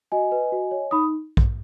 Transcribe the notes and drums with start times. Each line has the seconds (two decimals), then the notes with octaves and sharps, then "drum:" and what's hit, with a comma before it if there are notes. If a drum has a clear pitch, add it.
0.12 F#4 D#5 G#5
0.32 B4
0.52 F#4
0.71 C#5
0.91 D#4 B5 D#6
1.37 drum: kick